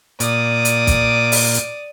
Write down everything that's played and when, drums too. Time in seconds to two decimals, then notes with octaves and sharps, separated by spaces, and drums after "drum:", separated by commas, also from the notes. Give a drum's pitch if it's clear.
0.20 A#2 D5 D#6, drum: hi-hat
0.65 drum: hi-hat
0.87 drum: kick, hi-hat
1.32 drum: open hi-hat
1.54 drum: hi-hat